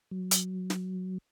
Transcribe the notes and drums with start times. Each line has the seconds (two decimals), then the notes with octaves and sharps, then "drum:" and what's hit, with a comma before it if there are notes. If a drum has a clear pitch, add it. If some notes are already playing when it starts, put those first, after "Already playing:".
0.11 F#3
0.31 drum: hi-hat
0.70 drum: snare